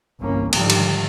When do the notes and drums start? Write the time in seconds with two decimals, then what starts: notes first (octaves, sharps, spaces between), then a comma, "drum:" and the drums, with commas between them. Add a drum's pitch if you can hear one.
0.21 G1 C2 E3 A#3 C#4
0.53 G#2 D3 D#3 F3 G3, drum: cymbal
0.70 drum: cymbal